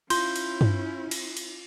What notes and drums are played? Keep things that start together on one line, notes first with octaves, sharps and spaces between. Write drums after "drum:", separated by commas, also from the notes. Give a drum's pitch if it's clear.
C#4 E4 F4 C6 G6, drum: cymbal
drum: cymbal
drum: tom G2
drum: cymbal
drum: cymbal